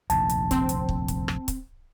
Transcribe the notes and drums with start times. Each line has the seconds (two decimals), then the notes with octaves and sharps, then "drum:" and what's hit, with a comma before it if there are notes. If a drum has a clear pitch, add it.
0.10 F1 A#1 D#2 A5, drum: hi-hat
0.29 drum: hi-hat
0.51 C4, drum: kick, hi-hat
0.69 drum: hi-hat
0.89 drum: kick
1.08 drum: kick, hi-hat
1.28 drum: rim click
1.48 drum: kick, hi-hat